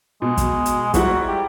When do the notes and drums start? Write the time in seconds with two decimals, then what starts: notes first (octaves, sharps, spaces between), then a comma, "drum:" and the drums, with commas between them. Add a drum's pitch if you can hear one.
0.22 B2 G#3
0.37 drum: kick, hi-hat
0.66 drum: hi-hat
0.94 G#2 G3 E4 F#4, drum: kick, hi-hat
1.28 G4